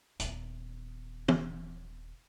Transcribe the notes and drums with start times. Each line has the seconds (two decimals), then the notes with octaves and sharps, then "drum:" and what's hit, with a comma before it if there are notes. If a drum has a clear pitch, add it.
0.20 D#1 B3, drum: hi-hat
1.28 drum: tom